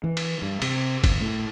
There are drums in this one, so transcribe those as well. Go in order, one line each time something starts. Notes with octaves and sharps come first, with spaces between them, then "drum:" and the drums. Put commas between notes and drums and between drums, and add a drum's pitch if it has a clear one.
E3
drum: cymbal
G2
C3, drum: cymbal
G1, drum: kick, cymbal
A2